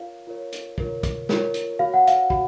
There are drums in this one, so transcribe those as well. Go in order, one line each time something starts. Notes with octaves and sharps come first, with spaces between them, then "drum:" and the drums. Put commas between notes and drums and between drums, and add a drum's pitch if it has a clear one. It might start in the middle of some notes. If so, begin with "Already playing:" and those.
Already playing: F4 A#4 C#5 F5
F4 A#4 C#5
drum: hi-hat
F4 A#4 C#5, drum: kick
drum: kick, hi-hat
F4 A#4 C#5, drum: snare
drum: hi-hat
F#4 C#5 F5
F#5
F5, drum: hi-hat
F#4, drum: kick